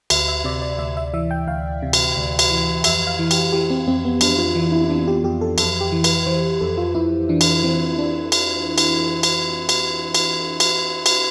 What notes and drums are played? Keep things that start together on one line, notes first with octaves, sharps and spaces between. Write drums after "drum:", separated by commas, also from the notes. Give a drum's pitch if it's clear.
D2 E5, drum: cymbal
E5
C3 D5
D5
D2 E5
E5
E3 E5
G5
D2 F5
C3
drum: cymbal
D2
drum: cymbal
E3
F2 E5, drum: cymbal
F5
E3
G4, drum: cymbal
E3 G4
C4
F2 C4
B3
F2 D4, drum: cymbal
F4
E3 E4
E4
E4
E3 D4
G4
F2 G4
A4
F2 A4, drum: cymbal
G4
E3
B4, drum: cymbal
E3 C5
F2 A4
F4
F2 E4
E3 D4
drum: cymbal
E3 C4
E4
D4
drum: cymbal
drum: cymbal
drum: cymbal
drum: cymbal
drum: cymbal
drum: cymbal
drum: cymbal